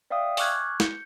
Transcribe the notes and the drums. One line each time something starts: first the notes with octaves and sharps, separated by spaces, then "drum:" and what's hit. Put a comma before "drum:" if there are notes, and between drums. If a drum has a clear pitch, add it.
D5 E5 F5 G5 D#6
G#5 C#6 D6 F6 F#6 G#6, drum: open hi-hat
G6 C#7, drum: snare